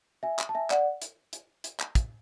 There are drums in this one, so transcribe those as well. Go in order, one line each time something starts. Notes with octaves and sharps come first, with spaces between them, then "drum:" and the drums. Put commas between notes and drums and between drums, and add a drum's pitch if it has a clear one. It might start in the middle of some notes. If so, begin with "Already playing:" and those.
E5 G#5
drum: clap
A5
E5 G#5
D5 F#5, drum: clap
drum: hi-hat
drum: hi-hat
drum: hi-hat
drum: clap
drum: kick, hi-hat